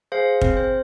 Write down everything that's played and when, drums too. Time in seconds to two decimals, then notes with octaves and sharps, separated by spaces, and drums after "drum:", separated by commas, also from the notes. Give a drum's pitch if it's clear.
0.12 G#4 C5 F5
0.41 C4, drum: kick
0.57 C5